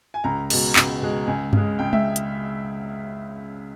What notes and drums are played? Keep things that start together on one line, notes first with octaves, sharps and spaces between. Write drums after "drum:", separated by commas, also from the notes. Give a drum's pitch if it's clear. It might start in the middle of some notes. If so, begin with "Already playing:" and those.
G#5
C#2 A#5
B2 G#3, drum: cymbal
C#2, drum: clap
B2 G#3
C#2 G#5
C#3 G#3, drum: tom G2
C#2 G5
E5, drum: tom G#3
drum: hi-hat